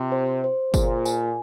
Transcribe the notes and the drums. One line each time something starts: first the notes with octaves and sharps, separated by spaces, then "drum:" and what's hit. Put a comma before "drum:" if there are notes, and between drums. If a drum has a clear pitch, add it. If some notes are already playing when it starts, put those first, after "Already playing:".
Already playing: C3 F4
C5
C5
A#2 G#4, drum: kick, tambourine
G#5, drum: tambourine